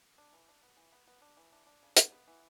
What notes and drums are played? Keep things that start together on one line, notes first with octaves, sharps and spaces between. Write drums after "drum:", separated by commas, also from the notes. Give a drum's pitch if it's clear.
D4
E3
D4
B3
E3
B3
B3
D4
E3
D4
D4
C#3
C#3, drum: hi-hat
B3
E3